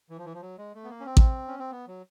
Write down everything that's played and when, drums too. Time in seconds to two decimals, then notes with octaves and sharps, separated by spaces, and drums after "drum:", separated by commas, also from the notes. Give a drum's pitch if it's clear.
0.10 E3
0.18 F3
0.25 E3
0.34 F3
0.42 F#3
0.58 G#3
0.75 A3
0.84 B3
0.90 A#3
1.00 C#4
1.06 C4
1.17 drum: kick A1
1.48 C#4
1.59 C4
1.71 B3
1.88 F#3